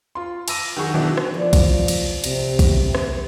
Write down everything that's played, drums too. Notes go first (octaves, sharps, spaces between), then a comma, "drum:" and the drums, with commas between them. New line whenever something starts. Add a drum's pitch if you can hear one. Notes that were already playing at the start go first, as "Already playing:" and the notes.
F4 C6
A5 D6 E6 A#6 D#7, drum: cymbal
D#3 F#3 F#4 G#4 C#6
B2 D#3 E3 F#3 D4 E4
drum: rim click
F3 D5
drum: kick B1, cymbal
drum: cymbal
C3, drum: cymbal
drum: kick B1, cymbal
drum: rim click